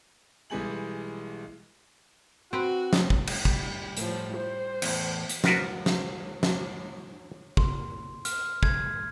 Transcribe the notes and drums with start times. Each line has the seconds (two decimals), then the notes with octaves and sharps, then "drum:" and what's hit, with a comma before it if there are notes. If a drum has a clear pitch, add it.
0.50 B1 E3 G3 G#3 G#5 F#7
2.53 C4 F#4 B4
2.93 drum: snare
3.10 drum: kick
3.27 drum: cymbal
3.45 G3, drum: kick
3.97 A2 F3, drum: hi-hat
4.35 C5
4.82 E2 A2, drum: cymbal
5.30 drum: hi-hat
5.44 F4 F#4 A#4 B4 D5 E5, drum: snare
5.86 drum: snare
6.43 drum: snare
7.57 C6, drum: kick
8.25 F6, drum: hi-hat
8.63 G#6, drum: kick